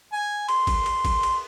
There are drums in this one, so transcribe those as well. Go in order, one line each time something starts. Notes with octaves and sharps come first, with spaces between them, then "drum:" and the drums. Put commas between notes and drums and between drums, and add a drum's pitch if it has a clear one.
G#5
C6, drum: cymbal
drum: kick, cymbal
drum: cymbal
drum: kick, cymbal
drum: cymbal